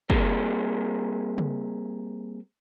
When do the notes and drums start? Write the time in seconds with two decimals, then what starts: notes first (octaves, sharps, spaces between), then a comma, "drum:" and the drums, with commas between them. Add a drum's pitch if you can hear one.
0.10 G3 A#3 C4 G4 G#4 A#4, drum: kick
1.38 drum: tom C#3